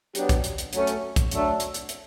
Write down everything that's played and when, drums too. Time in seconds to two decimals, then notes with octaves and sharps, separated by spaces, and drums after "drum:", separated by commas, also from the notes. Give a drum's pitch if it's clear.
0.15 F#3 B3 D4 G4, drum: hi-hat
0.29 drum: kick, hi-hat
0.44 drum: hi-hat
0.58 drum: hi-hat
0.73 F#3 A3 C#4, drum: hi-hat
0.87 drum: hi-hat
1.16 drum: kick, hi-hat
1.31 F#3 A3 D4, drum: hi-hat
1.60 drum: hi-hat
1.74 drum: hi-hat
1.89 drum: hi-hat